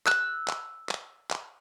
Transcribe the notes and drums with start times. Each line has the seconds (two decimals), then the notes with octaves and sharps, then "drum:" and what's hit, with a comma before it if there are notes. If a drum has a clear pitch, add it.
0.07 E6 F#6, drum: clap
0.48 drum: clap
0.89 drum: clap
1.31 drum: clap